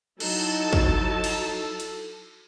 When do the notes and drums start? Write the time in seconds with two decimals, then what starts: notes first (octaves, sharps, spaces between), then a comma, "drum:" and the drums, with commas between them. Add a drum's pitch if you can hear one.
0.20 F#3 D#4 E4 A4 A5, drum: cymbal
0.73 drum: kick
1.24 drum: cymbal
1.80 drum: hi-hat